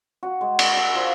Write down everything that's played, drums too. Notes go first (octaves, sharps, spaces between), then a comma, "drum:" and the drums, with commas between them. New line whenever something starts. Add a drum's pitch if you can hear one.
F#4
G#3
D4, drum: cymbal
E5
F3